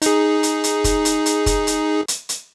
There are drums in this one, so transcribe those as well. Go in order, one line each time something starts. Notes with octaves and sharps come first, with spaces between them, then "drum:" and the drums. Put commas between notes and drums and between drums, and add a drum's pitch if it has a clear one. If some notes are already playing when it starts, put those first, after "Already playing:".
D#4 G#4, drum: hi-hat
drum: hi-hat
drum: hi-hat
drum: kick, hi-hat
drum: hi-hat
drum: hi-hat
drum: kick, hi-hat
drum: hi-hat
drum: hi-hat
drum: hi-hat